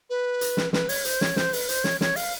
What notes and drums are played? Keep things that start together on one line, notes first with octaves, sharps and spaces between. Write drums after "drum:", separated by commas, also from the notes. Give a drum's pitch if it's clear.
B4
drum: hi-hat
drum: snare
B4, drum: snare
C#5, drum: open hi-hat
C5, drum: hi-hat
C#5, drum: snare
C5, drum: snare
B4, drum: open hi-hat
C5, drum: hi-hat
C#5, drum: snare
C#5, drum: snare
F5, drum: open hi-hat